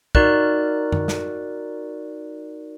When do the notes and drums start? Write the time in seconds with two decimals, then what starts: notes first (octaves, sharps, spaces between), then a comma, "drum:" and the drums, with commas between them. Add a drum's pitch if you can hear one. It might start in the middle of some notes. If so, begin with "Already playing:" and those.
0.15 D#4 F#4 A#4 D5 F#6, drum: kick
0.92 drum: tom F#2
1.08 drum: snare